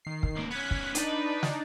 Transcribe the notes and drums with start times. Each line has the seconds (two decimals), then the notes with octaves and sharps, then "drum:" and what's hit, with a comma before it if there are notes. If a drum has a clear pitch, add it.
0.05 D#3 C7
0.23 drum: kick
0.36 C#2 A#3
0.50 B3 C#4 F#6 G#6 B6
0.71 drum: kick
0.95 D4 D#4 B4 D5, drum: hi-hat
1.43 drum: snare